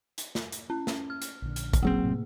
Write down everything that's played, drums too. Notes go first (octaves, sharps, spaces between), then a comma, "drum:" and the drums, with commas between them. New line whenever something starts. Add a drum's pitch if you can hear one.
drum: hi-hat
drum: snare
drum: hi-hat
C#4
drum: snare
F6
drum: hi-hat
A#1 D3
drum: hi-hat
drum: kick A1, hi-hat
E1 F#3 A#3 C4 G#4
A2 C3 A3